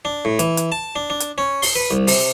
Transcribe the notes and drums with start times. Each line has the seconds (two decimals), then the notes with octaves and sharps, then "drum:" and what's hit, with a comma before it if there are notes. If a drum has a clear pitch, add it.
0.05 D4
0.25 A2
0.39 E3, drum: hi-hat
0.57 drum: hi-hat
0.72 A5
0.96 D4
1.10 D4
1.20 drum: hi-hat
1.38 C#4
1.62 C6, drum: open hi-hat
1.75 B4
1.91 C2
2.07 C3, drum: open hi-hat